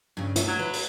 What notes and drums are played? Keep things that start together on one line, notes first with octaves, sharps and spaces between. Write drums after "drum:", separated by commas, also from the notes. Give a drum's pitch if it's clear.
G2 C#3
D2 E5, drum: hi-hat
F#3
B4
drum: open hi-hat